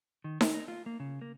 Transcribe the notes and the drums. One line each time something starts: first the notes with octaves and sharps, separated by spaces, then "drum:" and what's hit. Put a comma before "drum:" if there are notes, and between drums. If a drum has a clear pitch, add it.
D#3
A#4, drum: snare D#4
D#4
F4
A#3
C#3
A#3